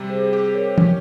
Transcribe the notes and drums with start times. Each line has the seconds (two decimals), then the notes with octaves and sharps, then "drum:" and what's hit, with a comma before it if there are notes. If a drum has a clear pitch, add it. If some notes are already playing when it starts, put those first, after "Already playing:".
Already playing: C3 G3 C4
0.10 G#4 C5
0.32 G4 G#4 C5
0.54 A#4 C#5
0.78 C#4, drum: tom